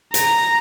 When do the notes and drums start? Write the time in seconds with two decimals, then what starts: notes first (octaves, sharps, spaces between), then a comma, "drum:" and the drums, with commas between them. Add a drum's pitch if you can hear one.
0.14 A#5, drum: hi-hat